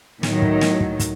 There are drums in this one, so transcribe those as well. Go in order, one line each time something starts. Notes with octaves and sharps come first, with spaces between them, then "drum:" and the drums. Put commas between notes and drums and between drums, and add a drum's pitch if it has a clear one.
A2 D#3 F#3, drum: snare
drum: kick
drum: snare
drum: kick
drum: kick, hi-hat